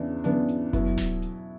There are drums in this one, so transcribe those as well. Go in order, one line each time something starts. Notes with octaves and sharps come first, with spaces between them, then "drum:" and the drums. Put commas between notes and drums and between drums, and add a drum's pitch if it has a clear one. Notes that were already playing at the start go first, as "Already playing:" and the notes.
Already playing: E2 C#3 E3 B3 D4
E2 C#3 E3 B3 D4, drum: hi-hat
drum: hi-hat
B2 F#3 B3 E4, drum: kick F#1, hi-hat
drum: snare D1
drum: hi-hat